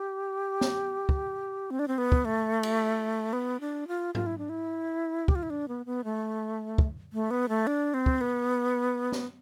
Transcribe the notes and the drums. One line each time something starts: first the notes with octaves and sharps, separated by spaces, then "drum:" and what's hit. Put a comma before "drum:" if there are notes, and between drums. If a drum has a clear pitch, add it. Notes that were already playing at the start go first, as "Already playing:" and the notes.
Already playing: G4
drum: snare
drum: kick
C4
D4
C4
B3
drum: kick
A3
drum: cymbal
B3
D4
F4
F4, drum: tom G#2
E4
D4
E4
G4, drum: kick
F4
E4
D4
B3
B3
A3
drum: kick
A3
B3
A3
D4
C4
drum: kick
B3
drum: snare